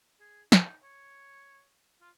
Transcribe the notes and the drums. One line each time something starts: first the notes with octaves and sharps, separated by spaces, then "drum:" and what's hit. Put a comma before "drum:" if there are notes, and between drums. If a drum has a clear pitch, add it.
G#4
D#4, drum: snare
C#5
F4